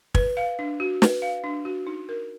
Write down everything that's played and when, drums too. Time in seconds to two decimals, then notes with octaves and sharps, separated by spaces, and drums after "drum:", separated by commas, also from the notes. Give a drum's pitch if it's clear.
0.15 B4, drum: kick
0.37 F5
0.59 D4
0.80 F#4
1.02 B4, drum: snare
1.22 F5
1.44 D4
1.65 F#4
1.87 D#4
2.09 A#4